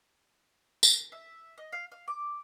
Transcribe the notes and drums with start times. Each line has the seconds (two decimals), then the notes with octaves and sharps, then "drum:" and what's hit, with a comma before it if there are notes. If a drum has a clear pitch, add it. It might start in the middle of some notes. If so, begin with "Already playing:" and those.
0.83 drum: tambourine
1.12 E5
1.58 D#5
1.72 F5
1.92 F5
2.08 D6